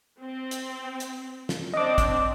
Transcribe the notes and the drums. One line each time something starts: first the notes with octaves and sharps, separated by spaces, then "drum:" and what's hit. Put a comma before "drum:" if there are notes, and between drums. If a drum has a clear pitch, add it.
C4
drum: hi-hat
drum: hi-hat
drum: snare
C4 D4 D#5 D6
drum: kick, hi-hat